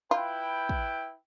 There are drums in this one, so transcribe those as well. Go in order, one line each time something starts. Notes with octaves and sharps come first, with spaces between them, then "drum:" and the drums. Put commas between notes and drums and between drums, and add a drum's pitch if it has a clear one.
E4 F4 B4 G5
drum: kick